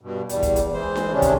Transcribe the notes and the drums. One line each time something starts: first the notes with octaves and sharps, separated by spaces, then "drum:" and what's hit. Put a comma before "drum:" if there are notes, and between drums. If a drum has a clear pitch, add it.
G2 B2
E2 G2 G3, drum: hi-hat
drum: kick, hi-hat
drum: hi-hat
E3 G#3 C5
drum: snare D4
C3 D#3 G#3 C#4 D4
drum: kick, hi-hat